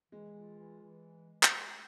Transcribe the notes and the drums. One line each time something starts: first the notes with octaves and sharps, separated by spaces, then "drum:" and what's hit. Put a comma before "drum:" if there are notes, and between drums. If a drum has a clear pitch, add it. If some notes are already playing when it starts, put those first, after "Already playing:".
E3 G#3
F4
E3
E3
drum: clap